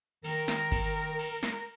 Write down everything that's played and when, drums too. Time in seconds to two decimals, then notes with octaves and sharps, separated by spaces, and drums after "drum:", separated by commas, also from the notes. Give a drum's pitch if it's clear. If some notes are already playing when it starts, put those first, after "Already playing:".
0.24 D#3 A#4, drum: cymbal
0.48 drum: snare
0.72 drum: kick G1, cymbal
1.19 drum: cymbal
1.43 drum: snare